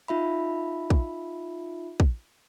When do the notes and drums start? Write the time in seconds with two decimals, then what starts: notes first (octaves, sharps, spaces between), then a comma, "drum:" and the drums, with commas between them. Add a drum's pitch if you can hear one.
0.08 D#4 F4 E5 B5
0.90 drum: kick
2.00 drum: kick